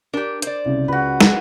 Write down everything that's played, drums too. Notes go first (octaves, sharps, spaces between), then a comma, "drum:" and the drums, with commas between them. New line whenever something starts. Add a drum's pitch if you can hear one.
D4 G4 A#4
C5 D5, drum: hi-hat
C2 C#3
C#2 F#4 B4
drum: snare